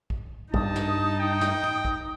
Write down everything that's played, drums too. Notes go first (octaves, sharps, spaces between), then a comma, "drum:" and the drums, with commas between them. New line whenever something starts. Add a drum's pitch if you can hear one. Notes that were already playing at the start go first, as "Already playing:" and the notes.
drum: kick
G2 G3 D#4 A5 D#6, drum: kick
drum: snare
G5 D#6
drum: snare
drum: tom
drum: kick